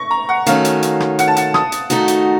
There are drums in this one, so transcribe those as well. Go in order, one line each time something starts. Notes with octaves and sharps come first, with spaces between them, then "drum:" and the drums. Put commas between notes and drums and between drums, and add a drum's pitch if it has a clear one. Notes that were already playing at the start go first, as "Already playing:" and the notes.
Already playing: C#6 A#6
A#5
F#5
D#3 A3 C#4 F#4 F5, drum: hi-hat
drum: hi-hat
drum: hi-hat
drum: rim click
F#5, drum: hi-hat
A5
F#5, drum: hi-hat
D#6, drum: rim click
drum: hi-hat
D#3 A3 D#4 F#4, drum: hi-hat
drum: hi-hat